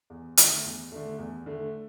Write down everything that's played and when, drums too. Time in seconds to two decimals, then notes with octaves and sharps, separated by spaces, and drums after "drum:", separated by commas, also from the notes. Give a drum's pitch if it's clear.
0.10 E2
0.37 D3 A3, drum: hi-hat
0.65 E2
0.92 D3 A3
1.19 E2
1.46 D3 A3